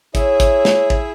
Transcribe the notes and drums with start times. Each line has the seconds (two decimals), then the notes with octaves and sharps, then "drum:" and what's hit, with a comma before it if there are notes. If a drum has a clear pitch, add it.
0.15 E4 G#4 C#5 E5, drum: kick, hi-hat
0.40 drum: kick, hi-hat
0.65 drum: snare
0.90 drum: kick